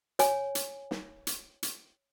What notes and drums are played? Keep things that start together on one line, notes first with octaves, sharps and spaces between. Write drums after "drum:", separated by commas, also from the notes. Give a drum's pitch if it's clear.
C#5 G#5, drum: hi-hat
drum: hi-hat
drum: snare
drum: hi-hat
drum: hi-hat